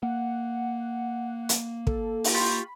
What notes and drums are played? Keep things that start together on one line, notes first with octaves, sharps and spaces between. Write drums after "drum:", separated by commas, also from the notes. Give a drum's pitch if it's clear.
A#3 F#5
drum: hi-hat
A4, drum: kick
drum: open hi-hat
F4 G4 B5 C#6